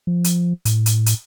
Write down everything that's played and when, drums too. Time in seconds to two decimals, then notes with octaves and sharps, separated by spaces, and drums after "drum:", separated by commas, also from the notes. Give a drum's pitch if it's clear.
0.07 F3
0.24 drum: hi-hat
0.65 A2, drum: hi-hat
0.86 drum: hi-hat
1.06 drum: hi-hat